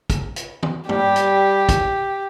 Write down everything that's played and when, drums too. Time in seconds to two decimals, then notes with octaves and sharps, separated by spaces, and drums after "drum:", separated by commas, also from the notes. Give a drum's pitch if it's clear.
0.10 drum: kick, hi-hat
0.36 drum: hi-hat
0.63 drum: tom D#3
0.89 G3 G4, drum: tom
1.16 drum: hi-hat
1.69 drum: kick, hi-hat